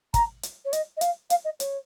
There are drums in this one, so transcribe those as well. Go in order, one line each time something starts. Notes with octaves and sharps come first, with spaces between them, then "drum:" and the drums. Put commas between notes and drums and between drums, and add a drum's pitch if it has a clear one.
A#5, drum: kick, hi-hat
drum: hi-hat
C#5
D#5, drum: hi-hat
D#5
F5, drum: hi-hat
F5, drum: hi-hat
D#5
C#5, drum: hi-hat